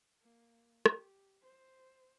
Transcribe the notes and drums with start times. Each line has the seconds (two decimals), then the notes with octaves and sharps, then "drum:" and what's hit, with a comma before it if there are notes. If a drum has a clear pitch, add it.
0.22 A#3
0.86 G4, drum: rim click
1.42 C5